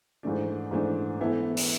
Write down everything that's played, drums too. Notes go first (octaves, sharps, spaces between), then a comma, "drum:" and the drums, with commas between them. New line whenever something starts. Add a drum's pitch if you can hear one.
G#2 E3 A3 D4
G#2 E3 A3 D4
E3 B3 E4 A4
drum: open hi-hat